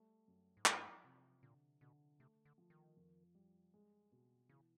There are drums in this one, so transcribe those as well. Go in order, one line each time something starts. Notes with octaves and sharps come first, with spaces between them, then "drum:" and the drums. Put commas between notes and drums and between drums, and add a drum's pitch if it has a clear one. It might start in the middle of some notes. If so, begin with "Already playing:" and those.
Already playing: G3 A3
F#2
G#2
G2 F3, drum: clap
C3
A#2 D3
B2 D3
C3 A3
D3
F3
D#3
F2
G3
G#3
B2
C#3 E3